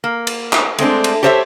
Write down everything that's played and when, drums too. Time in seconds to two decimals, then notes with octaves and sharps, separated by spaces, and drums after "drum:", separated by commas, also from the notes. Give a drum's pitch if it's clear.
0.04 A#3
0.27 drum: cymbal
0.53 drum: clap
0.78 G#3 A3 C4 D4, drum: cymbal
1.04 drum: cymbal
1.23 G4 A4 C5 C#5 D#5 E5